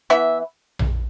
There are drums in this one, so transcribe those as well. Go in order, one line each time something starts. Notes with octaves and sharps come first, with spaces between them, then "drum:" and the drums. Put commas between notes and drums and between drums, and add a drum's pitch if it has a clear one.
E3 B3 E4 E5
drum: tom A#1